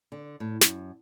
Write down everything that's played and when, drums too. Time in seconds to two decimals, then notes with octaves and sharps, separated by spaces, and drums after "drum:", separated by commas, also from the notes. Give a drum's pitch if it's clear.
0.12 D3
0.40 A2
0.61 F#2, drum: snare